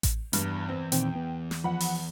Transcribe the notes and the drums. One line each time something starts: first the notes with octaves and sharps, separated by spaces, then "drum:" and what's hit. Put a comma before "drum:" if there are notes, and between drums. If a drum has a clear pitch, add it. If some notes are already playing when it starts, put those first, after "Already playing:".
drum: kick A1, hi-hat
E2 G2, drum: hi-hat
C4
A#2 D#3 C4 G5, drum: hi-hat
B3
drum: snare
F3 F#5 B5
drum: open hi-hat